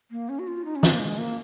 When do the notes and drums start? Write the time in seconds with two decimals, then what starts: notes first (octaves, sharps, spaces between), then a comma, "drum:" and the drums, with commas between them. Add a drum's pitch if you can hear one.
0.11 A#3
0.29 C#4
0.39 F#4
0.48 F4
0.65 D#4
0.76 C#4
0.83 C4, drum: snare
0.92 A#3
1.00 G#3
1.18 A#3